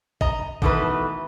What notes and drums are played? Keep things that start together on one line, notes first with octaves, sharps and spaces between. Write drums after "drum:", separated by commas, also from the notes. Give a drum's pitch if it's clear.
D#5 A#5, drum: kick A1
B2 D#3 E3 A3 D#4 B4, drum: kick A1